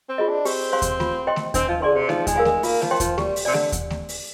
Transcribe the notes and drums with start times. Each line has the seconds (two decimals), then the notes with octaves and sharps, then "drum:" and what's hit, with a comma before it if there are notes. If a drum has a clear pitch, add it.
0.09 C4
0.18 F4 G#4 D#5
0.28 D4
0.45 C4 G4, drum: open hi-hat
0.72 C5 F5 G#5 C6
0.82 drum: kick D#2, hi-hat
1.00 F4, drum: snare A3
1.27 C5 D#5 G5 C6
1.36 drum: snare A3
1.54 C4 D4, drum: kick D#2, hi-hat
1.68 F3
1.81 D3 G#4 D5 G#5 C6
1.96 C3
2.09 F3 D#4, drum: snare A3
2.27 G#3, drum: kick D#2, hi-hat
2.36 A#4 F5 G#5
2.45 G#3, drum: snare A3
2.63 A#3 F4, drum: open hi-hat
2.82 F3, drum: snare A3
2.91 C5 G5 C6
3.00 F3, drum: kick D#2, hi-hat
3.18 G3 G4, drum: snare A3
3.36 drum: open hi-hat
3.45 C3 D5 G#5
3.54 D3, drum: snare A3
3.72 drum: kick D#2, hi-hat
3.90 drum: snare A3
4.09 drum: open hi-hat